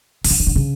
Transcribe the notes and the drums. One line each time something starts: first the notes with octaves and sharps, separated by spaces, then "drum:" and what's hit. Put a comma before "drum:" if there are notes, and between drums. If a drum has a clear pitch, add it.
C#3, drum: open hi-hat
D3
D#3
D3
C#3